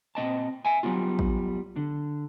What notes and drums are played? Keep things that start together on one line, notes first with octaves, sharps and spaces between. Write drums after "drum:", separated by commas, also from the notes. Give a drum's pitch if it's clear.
A#2 C4 D#5 A5
E5 G#5
F#3 G3 B3 F4
drum: kick A1
D3